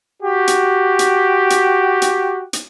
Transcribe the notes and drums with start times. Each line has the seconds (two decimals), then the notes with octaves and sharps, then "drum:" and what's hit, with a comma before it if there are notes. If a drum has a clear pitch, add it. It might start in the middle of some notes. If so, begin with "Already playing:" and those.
0.22 F#4 G4
0.48 drum: hi-hat
0.99 drum: hi-hat
1.50 drum: hi-hat
2.02 drum: hi-hat
2.53 drum: hi-hat